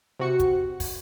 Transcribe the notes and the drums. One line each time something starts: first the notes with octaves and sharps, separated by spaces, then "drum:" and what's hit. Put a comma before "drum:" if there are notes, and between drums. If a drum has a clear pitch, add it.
C3 F#4 C#7
drum: kick, hi-hat
drum: kick, open hi-hat